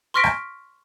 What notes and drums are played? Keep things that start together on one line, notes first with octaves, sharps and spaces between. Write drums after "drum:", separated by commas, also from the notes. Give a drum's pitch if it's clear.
C6 C#6 F6 A#6 B6 D7
drum: rim click